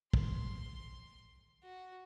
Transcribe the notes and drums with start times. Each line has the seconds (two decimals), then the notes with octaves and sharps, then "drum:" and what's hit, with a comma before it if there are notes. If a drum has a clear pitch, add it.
0.13 C6, drum: kick
1.63 F#4